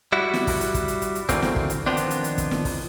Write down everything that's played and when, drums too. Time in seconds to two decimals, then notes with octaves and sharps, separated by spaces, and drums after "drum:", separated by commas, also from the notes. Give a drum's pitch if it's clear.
0.12 G3 E4 F#4
0.34 drum: snare
0.47 drum: kick, open hi-hat
0.61 drum: hi-hat
0.74 drum: kick, hi-hat
0.88 drum: hi-hat
1.02 drum: hi-hat
1.15 drum: hi-hat
1.29 D3 E3 F#3 A3 A#3 C4, drum: kick, hi-hat
1.42 drum: snare
1.56 drum: kick
1.70 drum: hi-hat
1.86 D#3 F3 G3 B3 C4 D4
1.97 drum: hi-hat
2.11 drum: hi-hat
2.24 drum: hi-hat
2.38 drum: kick, hi-hat
2.51 drum: snare
2.65 drum: kick, open hi-hat